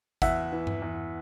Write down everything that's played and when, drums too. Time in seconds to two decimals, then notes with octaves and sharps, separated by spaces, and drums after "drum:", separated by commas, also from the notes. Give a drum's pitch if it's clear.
0.22 E2 E5 F#5, drum: kick, hi-hat
0.52 E3
0.67 drum: tom G2
0.82 E2